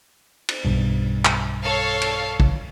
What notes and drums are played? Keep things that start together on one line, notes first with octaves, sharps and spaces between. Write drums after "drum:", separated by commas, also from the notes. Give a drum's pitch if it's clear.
drum: cymbal
B1 G2
drum: clap
A4 C#5 F5
drum: cymbal
drum: kick